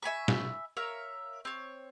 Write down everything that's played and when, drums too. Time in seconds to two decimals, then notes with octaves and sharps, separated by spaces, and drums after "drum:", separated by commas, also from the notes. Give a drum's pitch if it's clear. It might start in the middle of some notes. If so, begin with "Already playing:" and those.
0.03 E5 G#5 B5 C#6
0.28 drum: snare
0.77 A#4 C#5 E5 F5
1.45 C4 C#5